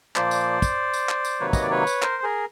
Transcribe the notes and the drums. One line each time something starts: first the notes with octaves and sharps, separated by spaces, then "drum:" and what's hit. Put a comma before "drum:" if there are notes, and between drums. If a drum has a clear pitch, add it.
A#2 F3 A#3 C5 D5, drum: clap
drum: tambourine
drum: kick, tambourine
drum: tambourine
drum: clap
drum: tambourine
C3 D#3 F#3 A#3 B4 C#5
D#5, drum: kick, tambourine
D5
B4 C#5
drum: tambourine
A#4 C5, drum: clap
G#4 A#4